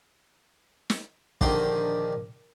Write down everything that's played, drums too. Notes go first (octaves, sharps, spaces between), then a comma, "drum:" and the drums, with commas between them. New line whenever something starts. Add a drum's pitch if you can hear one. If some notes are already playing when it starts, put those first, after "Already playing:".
drum: snare
A#1 D3 D#3 G4 A#5 C6, drum: kick